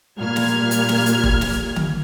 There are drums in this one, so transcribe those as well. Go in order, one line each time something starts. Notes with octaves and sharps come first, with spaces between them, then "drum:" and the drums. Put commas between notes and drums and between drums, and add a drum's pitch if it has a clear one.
A#2 G3 F6 G#6
drum: snare
drum: hi-hat
drum: snare
drum: hi-hat
drum: kick F1
drum: snare
drum: tom D3